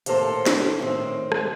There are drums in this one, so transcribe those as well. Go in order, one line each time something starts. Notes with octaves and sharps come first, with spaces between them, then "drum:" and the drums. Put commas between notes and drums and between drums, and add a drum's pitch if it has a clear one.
D#2 A2 A#3 A4 C5, drum: hi-hat
drum: snare
A2 D#3 C4
drum: rim click